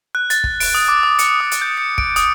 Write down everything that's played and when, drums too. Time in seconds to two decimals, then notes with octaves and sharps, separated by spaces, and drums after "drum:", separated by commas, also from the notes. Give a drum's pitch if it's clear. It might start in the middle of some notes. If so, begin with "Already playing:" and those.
0.15 F#6
0.30 A6, drum: hi-hat
0.44 drum: kick
0.60 D7, drum: open hi-hat
0.75 D#6
0.88 D6
1.03 D#6
1.19 C#7, drum: hi-hat
1.40 D#6
1.52 drum: hi-hat
1.62 G6
1.77 C#7
1.98 D7, drum: kick
2.16 D#6, drum: hi-hat